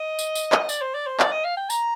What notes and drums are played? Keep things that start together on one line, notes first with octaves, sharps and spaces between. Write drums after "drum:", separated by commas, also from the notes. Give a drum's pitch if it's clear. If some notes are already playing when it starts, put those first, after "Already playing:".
Already playing: D#5
drum: tambourine
drum: tambourine
drum: clap
D5, drum: tambourine
C5
D5
C5
D5, drum: clap
D#5
F5
G5
A#5, drum: tambourine